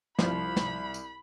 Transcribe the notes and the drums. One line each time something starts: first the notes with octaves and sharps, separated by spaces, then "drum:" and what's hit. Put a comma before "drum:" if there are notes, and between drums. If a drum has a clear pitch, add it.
C2 F3 B5, drum: snare
drum: snare
drum: tambourine